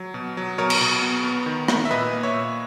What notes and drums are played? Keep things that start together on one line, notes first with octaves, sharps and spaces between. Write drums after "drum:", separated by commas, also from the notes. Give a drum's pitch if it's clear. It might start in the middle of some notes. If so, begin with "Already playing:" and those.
Already playing: F#3
B2
F#3
B2 A#4 C#5
drum: cymbal
B2
B3
B3
D#3
D#3, drum: rim click
E5
A#2 B4 D#5
A#3
C#5 E5
A#2